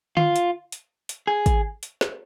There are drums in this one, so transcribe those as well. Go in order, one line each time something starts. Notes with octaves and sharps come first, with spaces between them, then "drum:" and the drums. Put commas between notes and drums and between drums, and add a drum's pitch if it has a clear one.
F4, drum: tom D3
drum: hi-hat
drum: hi-hat
drum: hi-hat
G#4
drum: kick, hi-hat
drum: hi-hat
drum: snare